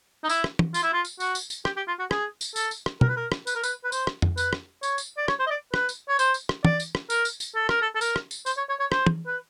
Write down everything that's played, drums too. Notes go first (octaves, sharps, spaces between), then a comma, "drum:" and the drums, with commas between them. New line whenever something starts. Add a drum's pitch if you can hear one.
D#4
E4, drum: tambourine
drum: rim click
drum: tom
F4, drum: tambourine
E4
F4
drum: tambourine
F#4, drum: tambourine
drum: tambourine
drum: tambourine
G4, drum: rim click
G4
F4
F#4
G#4, drum: rim click
drum: tambourine
A4, drum: tambourine
drum: tambourine
drum: rim click
A#4, drum: tom
B4
A#4
drum: rim click
B4, drum: tambourine
A#4
B4, drum: tambourine
B4
C5, drum: tambourine
drum: rim click
drum: tom F2
B4, drum: tambourine
drum: rim click
C#5, drum: tambourine
drum: tambourine
D5
C#5, drum: rim click
C5
D#5
D5
B4, drum: rim click
drum: tambourine
C#5
C5, drum: tambourine
drum: tambourine
drum: rim click
D5, drum: tom
drum: tambourine
drum: rim click
A#4, drum: tambourine
drum: tambourine
drum: tambourine
A4
A#4, drum: rim click
A4
A4
A#4, drum: tambourine
drum: rim click
drum: tambourine
C5, drum: tambourine
C#5
C#5
C#5
C5, drum: rim click
drum: tom
B4